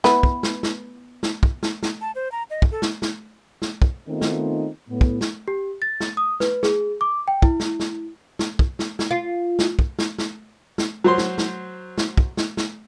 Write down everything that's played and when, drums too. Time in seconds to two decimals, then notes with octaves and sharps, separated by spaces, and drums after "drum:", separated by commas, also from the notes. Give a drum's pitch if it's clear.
0.04 B3 E4 B4, drum: snare
0.23 drum: kick
0.43 drum: snare
0.63 drum: snare
1.23 drum: snare
1.43 drum: kick
1.63 drum: snare
1.83 drum: snare
2.01 A5
2.15 C5
2.32 A#5
2.50 D#5
2.62 drum: kick
2.71 A4
2.82 drum: snare
3.02 drum: snare
3.62 drum: snare
3.82 drum: kick
4.08 D#3 A3 B3 C4 D#4 F4
4.21 drum: snare
4.89 A2 B3
5.01 drum: kick
5.21 drum: snare
5.48 G4
5.82 A6
6.01 drum: snare
6.17 D#6
6.40 B4, drum: snare
6.63 G#4, drum: snare
7.01 D6
7.28 G5
7.42 E4, drum: kick
7.60 drum: snare
7.80 drum: snare
8.39 drum: snare
8.59 drum: kick
8.79 drum: snare
8.99 drum: snare
9.11 F4
9.59 drum: snare
9.79 drum: kick
9.99 drum: snare
10.18 drum: snare
10.78 drum: snare
11.04 F#3 C5 C6
11.18 drum: snare
11.38 drum: snare
11.98 drum: snare
12.17 drum: kick
12.37 drum: snare
12.57 drum: snare